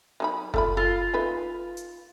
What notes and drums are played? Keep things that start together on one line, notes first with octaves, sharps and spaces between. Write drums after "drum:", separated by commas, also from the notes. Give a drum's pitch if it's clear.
F#3 D#4 B5
A3 F4 B5, drum: kick F#1
F4 A4
A3 D#4 B4
drum: hi-hat